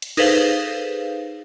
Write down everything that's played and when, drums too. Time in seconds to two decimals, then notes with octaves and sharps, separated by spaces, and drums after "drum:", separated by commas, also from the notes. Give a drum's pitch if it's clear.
0.02 drum: hi-hat
0.17 D#4 G#4 A4 B4 C5 F5, drum: cymbal